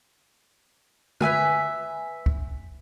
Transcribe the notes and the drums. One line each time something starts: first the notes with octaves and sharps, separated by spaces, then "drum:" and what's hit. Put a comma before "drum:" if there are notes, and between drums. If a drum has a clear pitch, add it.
B4 E5 G#5 F6, drum: tom D3
drum: kick